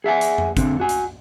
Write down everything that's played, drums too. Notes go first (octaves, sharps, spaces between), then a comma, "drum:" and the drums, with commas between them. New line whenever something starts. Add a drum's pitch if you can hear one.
G#4 E5 F#5 G#5
drum: hi-hat
drum: tom F2
D3 C4, drum: kick, hi-hat
F#4 G#5
drum: hi-hat